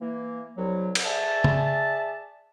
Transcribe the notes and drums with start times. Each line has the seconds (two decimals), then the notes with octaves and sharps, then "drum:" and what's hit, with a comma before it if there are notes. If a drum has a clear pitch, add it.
0.02 E3 A#3
0.57 C2 F#3
0.95 drum: cymbal
1.05 G#4 D5 E5 A5
1.44 drum: tom